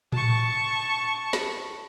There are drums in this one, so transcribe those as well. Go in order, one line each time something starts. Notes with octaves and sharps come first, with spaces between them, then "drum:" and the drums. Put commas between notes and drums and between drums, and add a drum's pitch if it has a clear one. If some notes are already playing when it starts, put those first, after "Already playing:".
A5 C#6, drum: tom A2
drum: snare